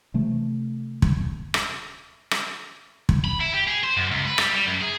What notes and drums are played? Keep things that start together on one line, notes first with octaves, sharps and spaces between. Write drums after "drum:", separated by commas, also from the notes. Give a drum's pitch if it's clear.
C3 E3 A3
drum: kick
drum: rim click
drum: rim click
drum: kick
B5
E4
G4
G#4
C5
F#2
C#2
B4
G3, drum: rim click
G3
F#2
G#4